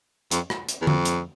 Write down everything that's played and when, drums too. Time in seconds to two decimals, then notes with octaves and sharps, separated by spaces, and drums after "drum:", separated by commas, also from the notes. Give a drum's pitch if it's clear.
0.31 F2, drum: hi-hat
0.50 drum: rim click
0.69 drum: hi-hat
0.82 E2
0.87 F2, drum: tom D3
1.05 drum: hi-hat